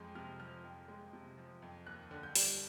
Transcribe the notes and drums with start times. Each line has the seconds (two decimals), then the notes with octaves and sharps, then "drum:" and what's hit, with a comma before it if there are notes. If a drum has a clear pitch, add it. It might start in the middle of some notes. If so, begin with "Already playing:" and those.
Already playing: F2 F3 G#3
0.15 C3 F6
0.39 F3 F6
0.64 F2
0.88 G#3
1.13 C3
1.37 F3
1.62 F2
1.86 D#2 F#6
2.11 D3
2.23 G6
2.35 G3, drum: open hi-hat